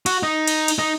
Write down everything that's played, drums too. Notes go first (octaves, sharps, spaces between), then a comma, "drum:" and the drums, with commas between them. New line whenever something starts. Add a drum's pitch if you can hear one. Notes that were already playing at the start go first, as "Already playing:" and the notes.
F#4, drum: cymbal
D#4
drum: cymbal
drum: cymbal
D#4